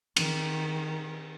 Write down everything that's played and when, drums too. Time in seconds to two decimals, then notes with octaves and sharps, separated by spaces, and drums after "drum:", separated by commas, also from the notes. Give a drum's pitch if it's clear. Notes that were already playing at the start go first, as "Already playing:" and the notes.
0.17 D#3, drum: cymbal